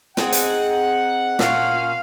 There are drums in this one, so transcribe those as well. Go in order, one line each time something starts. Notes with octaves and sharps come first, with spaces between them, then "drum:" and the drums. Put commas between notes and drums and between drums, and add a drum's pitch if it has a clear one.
C4 D#4 G#4 F#5, drum: snare
drum: hi-hat
A#2 C#4 F5, drum: snare